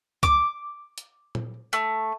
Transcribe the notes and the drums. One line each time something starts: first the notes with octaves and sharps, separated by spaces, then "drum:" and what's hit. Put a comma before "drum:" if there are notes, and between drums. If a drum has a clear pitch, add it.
D6, drum: kick C#2, hi-hat
drum: hi-hat
drum: tom A#2
A3, drum: hi-hat